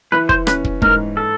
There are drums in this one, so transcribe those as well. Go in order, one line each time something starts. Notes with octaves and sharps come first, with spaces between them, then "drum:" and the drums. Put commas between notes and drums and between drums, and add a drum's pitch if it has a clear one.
E3 B4
C5, drum: kick
C#4 B4, drum: rim click
drum: kick
G#2 A#4, drum: kick
A4